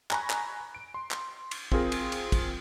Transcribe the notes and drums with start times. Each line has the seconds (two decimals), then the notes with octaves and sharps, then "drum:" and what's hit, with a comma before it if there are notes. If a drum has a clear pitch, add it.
0.11 G#5 A#5 B5 C#6 F#6, drum: clap
0.30 drum: clap
0.75 D7
0.94 C6
1.11 drum: clap
1.51 drum: cymbal
1.72 C4 F4 G#4 A#4, drum: kick
1.92 drum: cymbal
2.12 drum: cymbal
2.32 drum: kick, cymbal